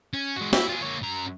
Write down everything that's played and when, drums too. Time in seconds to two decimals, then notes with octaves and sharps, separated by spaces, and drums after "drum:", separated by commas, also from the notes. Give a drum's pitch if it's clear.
0.14 C#4
0.36 G#3 F#4
0.53 E4, drum: snare
0.69 F4 G#4
0.82 A#3 C#5
1.03 F#2 A#5